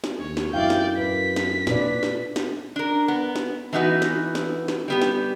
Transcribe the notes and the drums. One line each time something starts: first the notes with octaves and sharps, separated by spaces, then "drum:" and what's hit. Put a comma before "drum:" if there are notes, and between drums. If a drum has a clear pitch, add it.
drum: snare
D#2 C#5
drum: snare
F#2 E4 D5 E5 F5 G5 G6
drum: snare
A#4 B4 B6
drum: snare
A#2 D4 B4 D5, drum: snare
drum: snare
drum: snare
D4 A#4
B3
drum: snare
E3 B3 D#4 F#4 B4
drum: snare
drum: snare
drum: snare
G3 B3 G4
drum: snare